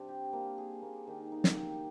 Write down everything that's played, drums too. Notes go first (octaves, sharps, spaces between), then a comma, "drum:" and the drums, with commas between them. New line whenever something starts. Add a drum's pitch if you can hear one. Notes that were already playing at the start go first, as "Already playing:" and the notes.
Already playing: C3 G3 C4 D4
G4
A#3
G#4
A#3
D#3
D#4
drum: snare
G4